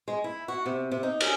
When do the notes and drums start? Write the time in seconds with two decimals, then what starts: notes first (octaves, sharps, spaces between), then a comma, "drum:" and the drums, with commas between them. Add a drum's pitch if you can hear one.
0.08 G#3
0.24 E4
0.48 F#4
0.66 C3
0.92 C3
1.03 D#4
1.21 G#5, drum: cymbal